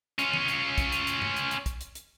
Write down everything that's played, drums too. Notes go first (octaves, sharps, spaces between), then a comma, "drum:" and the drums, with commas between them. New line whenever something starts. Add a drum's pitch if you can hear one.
C#4 F4, drum: hi-hat
drum: tom
drum: hi-hat
drum: kick, hi-hat
drum: hi-hat
drum: hi-hat
drum: tom G2
drum: hi-hat
drum: hi-hat
drum: kick, hi-hat
drum: hi-hat
drum: hi-hat